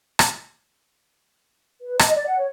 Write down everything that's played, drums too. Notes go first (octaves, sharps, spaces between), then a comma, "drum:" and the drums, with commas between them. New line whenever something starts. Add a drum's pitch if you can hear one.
drum: rim click
B4
D#5, drum: rim click
D5
F#5
C#5